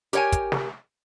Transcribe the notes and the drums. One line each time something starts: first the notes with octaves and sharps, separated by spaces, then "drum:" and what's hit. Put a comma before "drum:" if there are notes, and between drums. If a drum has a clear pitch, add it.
G4 A#4 C#5 G5 G#5, drum: hi-hat
drum: kick, hi-hat
drum: snare